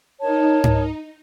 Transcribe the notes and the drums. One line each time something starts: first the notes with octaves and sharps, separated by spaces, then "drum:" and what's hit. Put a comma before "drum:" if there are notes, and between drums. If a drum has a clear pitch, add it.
D#4 A#4 C#5 A5
drum: tom G#2